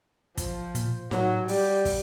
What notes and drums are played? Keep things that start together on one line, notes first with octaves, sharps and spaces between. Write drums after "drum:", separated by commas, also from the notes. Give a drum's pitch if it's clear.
F3, drum: kick, hi-hat
A#2, drum: hi-hat
A2 F#3, drum: snare D#4
G3, drum: open hi-hat
drum: kick, open hi-hat